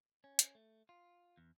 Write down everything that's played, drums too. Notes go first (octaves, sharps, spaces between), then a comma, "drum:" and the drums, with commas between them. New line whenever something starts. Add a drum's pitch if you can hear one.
C#4
drum: hi-hat
A3
F4
E2